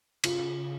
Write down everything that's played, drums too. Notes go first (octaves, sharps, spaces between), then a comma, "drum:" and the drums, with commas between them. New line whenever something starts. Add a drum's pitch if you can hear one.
C#3 F4, drum: cymbal